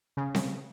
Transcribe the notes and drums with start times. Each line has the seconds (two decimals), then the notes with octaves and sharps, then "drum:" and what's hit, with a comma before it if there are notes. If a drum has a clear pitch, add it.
0.17 C#3
0.35 drum: snare C4